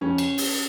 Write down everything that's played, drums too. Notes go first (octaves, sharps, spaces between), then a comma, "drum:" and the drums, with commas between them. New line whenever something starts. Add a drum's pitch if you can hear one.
F2 C#3 F3 C#4
drum: cymbal
drum: open hi-hat